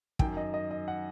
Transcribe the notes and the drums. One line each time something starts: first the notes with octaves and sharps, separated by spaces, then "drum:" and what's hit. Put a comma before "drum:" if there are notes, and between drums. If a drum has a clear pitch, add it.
F#2 D#3 G5, drum: kick
D#5
D#5
D#5
F#5